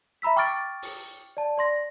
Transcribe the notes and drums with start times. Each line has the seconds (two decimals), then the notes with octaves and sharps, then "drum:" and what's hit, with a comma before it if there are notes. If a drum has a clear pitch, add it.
0.22 E5 A#5 B5 E6 B6
0.36 G5 C#6 D6 F6 A6 D7
0.82 drum: open hi-hat
1.37 D5 A5
1.58 D5 C6 A#6